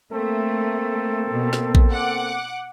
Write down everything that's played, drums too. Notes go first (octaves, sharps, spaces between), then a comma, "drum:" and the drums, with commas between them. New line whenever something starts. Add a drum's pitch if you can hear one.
A3 A#3 C4 A4
B2
drum: snare
drum: kick A#1
F#5 D6